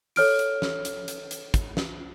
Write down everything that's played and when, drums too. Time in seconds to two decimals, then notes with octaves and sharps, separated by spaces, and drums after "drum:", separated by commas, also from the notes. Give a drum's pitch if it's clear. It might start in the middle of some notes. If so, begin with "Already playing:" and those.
0.16 A4 C#5 F6 D7, drum: open hi-hat
0.39 drum: hi-hat
0.62 drum: snare
0.85 drum: hi-hat
1.08 drum: hi-hat
1.31 drum: hi-hat
1.54 drum: kick, hi-hat
1.77 drum: snare